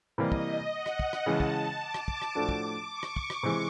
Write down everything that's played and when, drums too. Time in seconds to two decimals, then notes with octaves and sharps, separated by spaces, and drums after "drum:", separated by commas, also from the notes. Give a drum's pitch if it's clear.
0.18 C3 E3 G3 A#3 D#5
0.32 drum: kick
0.73 F#5
0.86 drum: rim click
0.99 drum: kick
1.13 drum: rim click
1.26 C#3 E3 G#3 A5
1.40 drum: kick
1.81 D6
1.94 drum: rim click
2.08 drum: kick
2.22 drum: rim click
2.35 A2 F3 A3 D4 F#4 D6
2.49 drum: kick
2.89 C#6
3.03 drum: rim click
3.16 drum: kick
3.30 drum: rim click
3.43 C3 E3 G#3